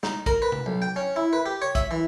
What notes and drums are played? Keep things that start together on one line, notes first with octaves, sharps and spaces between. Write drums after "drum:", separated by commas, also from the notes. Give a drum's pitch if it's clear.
D#4, drum: snare
A#4, drum: kick A#1, hi-hat
B4
drum: tom C3
B1
G5
C#4
E4
B4
G4
C#5
E5, drum: kick A#1, hi-hat
E3